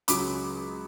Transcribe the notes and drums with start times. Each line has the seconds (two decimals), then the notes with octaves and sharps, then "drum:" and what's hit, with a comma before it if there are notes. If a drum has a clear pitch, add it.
0.08 C#2 C#3 F#3 B5 D6, drum: hi-hat